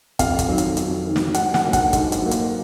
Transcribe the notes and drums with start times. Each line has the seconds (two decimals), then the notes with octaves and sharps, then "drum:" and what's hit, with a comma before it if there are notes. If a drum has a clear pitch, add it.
0.19 F2 F5, drum: kick, hi-hat
0.39 drum: kick, hi-hat
0.49 D#3 F#3
0.58 drum: hi-hat
0.77 F2, drum: hi-hat
1.06 D#3 F#3
1.16 drum: snare
1.34 G#2 F#5, drum: hi-hat
1.54 F#5, drum: snare
1.64 F#3 A#3
1.73 F#5, drum: kick, hi-hat
1.93 G#2, drum: kick, hi-hat
2.12 drum: hi-hat
2.22 F#3 A#3
2.31 drum: hi-hat